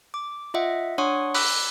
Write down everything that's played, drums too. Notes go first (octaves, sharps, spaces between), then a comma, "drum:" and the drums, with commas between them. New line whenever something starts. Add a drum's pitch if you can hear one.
D6
F4 D#5 E5 F#5
D4 C#5 F#5 C6 C#6 D#6
B5 D6 E6 F#6 B6, drum: open hi-hat